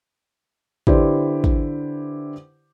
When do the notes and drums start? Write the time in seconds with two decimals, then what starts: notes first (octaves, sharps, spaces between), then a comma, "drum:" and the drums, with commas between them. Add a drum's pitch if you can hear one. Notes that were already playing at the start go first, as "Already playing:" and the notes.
0.87 D3 E4 G4 B4 C5 D5, drum: kick
1.44 drum: kick